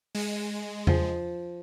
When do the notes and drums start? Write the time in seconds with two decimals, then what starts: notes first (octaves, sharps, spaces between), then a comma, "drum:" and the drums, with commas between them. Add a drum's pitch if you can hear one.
0.15 G#3, drum: open hi-hat
0.87 F3, drum: tom E2